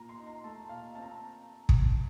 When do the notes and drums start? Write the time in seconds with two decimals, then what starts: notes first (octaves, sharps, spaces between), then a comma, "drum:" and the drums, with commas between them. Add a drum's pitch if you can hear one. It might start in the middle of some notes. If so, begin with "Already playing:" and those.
Already playing: A#2 A#5
0.09 C6
0.18 D#4
0.27 A#5
0.44 A3 A5
0.69 A#2 F5
0.95 C4 A5
1.03 A#5
1.69 drum: kick